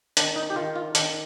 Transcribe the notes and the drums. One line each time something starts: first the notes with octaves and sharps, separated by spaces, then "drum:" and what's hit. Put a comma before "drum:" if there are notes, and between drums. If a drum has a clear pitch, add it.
D#3 D4, drum: hi-hat
D#4
G4
D#3 F4
F4
D#3 D4, drum: hi-hat